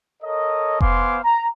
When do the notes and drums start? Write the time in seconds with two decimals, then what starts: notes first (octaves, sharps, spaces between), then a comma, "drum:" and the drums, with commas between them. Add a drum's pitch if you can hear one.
0.23 A4 A#4 C#5 D#5
0.81 B3 C5 F5 G#5 C6 D6, drum: kick F1
1.23 A#5